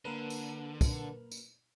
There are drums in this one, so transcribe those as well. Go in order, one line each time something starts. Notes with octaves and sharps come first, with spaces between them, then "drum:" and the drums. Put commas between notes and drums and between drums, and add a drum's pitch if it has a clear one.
D3 A#3 A#4 B4
drum: tambourine
drum: kick, tambourine
drum: tambourine